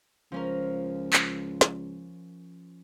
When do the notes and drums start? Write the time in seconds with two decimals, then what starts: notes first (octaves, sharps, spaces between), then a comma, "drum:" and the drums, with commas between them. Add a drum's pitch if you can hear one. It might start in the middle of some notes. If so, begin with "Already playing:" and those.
0.32 C#2 F3 C#4 A#4
1.13 drum: clap
1.61 drum: snare